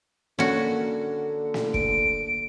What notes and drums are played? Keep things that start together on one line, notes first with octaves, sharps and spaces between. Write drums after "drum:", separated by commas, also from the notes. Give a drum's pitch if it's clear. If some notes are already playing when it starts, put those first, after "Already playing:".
D3 A#3 C#4 F#4
drum: snare
D7, drum: kick